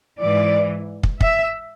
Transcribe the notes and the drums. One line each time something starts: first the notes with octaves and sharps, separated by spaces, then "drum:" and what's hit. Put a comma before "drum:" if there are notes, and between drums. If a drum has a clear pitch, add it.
G#2 E3 D5
drum: kick
E5, drum: kick